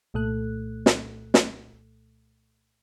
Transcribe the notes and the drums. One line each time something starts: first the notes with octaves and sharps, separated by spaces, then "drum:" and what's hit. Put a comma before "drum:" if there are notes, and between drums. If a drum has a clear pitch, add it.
C2 A#2 A3 A4 F#6
drum: snare
drum: snare